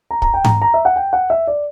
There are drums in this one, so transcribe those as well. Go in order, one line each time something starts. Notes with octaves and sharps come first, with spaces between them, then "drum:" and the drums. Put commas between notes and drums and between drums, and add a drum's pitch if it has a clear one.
A#5
A#5, drum: kick
G5
A#5, drum: tom G#2
A#5
E5
F#5
G5
F#5
E5
D5